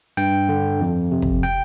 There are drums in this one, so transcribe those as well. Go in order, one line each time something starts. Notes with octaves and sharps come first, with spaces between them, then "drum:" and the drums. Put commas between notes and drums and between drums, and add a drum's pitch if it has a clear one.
G2 G5
D3
F2
C3
drum: kick
G5